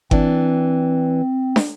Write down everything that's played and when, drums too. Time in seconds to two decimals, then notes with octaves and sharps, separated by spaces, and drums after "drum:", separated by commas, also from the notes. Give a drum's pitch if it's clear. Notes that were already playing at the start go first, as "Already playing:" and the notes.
0.11 E3 C4 D4, drum: kick G1
1.56 drum: snare